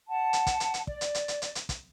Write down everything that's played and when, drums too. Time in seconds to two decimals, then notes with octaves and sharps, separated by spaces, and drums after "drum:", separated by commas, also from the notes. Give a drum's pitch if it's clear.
0.09 F#5 A5
0.33 drum: hi-hat
0.47 drum: kick, hi-hat
0.60 drum: hi-hat
0.74 drum: hi-hat
0.87 D5, drum: kick
1.01 drum: hi-hat
1.15 drum: hi-hat
1.28 drum: hi-hat
1.42 drum: hi-hat
1.55 drum: hi-hat
1.69 drum: kick, hi-hat